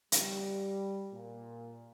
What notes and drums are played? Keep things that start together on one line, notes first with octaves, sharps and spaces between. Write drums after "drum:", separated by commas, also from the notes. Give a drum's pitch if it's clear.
G3, drum: hi-hat
A#2